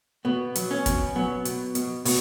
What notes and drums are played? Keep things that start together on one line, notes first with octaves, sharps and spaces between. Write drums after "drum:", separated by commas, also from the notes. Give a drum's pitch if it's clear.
B2 B3
F#3, drum: hi-hat
C#4
B2, drum: kick G#1, hi-hat
F#3 B3
B2, drum: hi-hat
B2, drum: hi-hat
B2, drum: open hi-hat